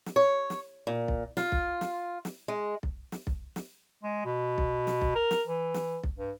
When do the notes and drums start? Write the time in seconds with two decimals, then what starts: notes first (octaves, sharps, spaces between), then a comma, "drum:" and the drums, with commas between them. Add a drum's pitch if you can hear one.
0.06 drum: snare
0.16 C#5
0.50 drum: snare
0.87 A#2
1.08 drum: kick B1
1.37 F4, drum: snare
1.52 drum: kick B1
1.81 drum: snare
2.25 drum: snare
2.48 G#3
2.83 drum: kick B1
3.12 drum: snare
3.27 drum: kick B1
3.56 drum: snare
4.03 G#3
4.25 B2
4.58 drum: kick B1
4.87 drum: snare
5.02 drum: kick B1
5.15 A#4
5.31 drum: snare
5.48 E3
5.74 drum: snare
6.03 drum: kick B1
6.18 G2